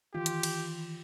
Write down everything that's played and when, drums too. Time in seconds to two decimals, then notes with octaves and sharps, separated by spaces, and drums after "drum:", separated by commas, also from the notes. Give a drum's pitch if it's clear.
0.14 D#3 E3 F4 G4
0.26 drum: hi-hat
0.43 drum: cymbal